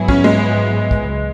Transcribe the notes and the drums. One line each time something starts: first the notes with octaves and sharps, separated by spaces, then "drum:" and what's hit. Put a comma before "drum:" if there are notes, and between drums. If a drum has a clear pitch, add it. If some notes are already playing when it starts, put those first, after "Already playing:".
Already playing: G#2 F#3 B3 E4 G#4
C#4, drum: kick
G#3
drum: kick
C#2